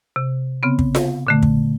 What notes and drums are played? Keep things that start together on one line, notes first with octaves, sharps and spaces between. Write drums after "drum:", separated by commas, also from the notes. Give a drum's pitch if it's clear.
C3
C#3 B3 C4
drum: kick
drum: snare F4
A#2 D3 A3
drum: kick